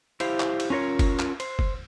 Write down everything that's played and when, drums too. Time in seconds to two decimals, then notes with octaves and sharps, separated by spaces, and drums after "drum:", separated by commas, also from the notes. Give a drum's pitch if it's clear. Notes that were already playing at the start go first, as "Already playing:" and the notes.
0.20 E4 G4 C5 F5, drum: cymbal
0.40 drum: clap
0.60 drum: cymbal
0.70 C#4 F4 A#4 C#5
0.99 drum: kick F#1, cymbal
1.19 drum: clap
1.40 C5, drum: cymbal
1.59 drum: kick F#1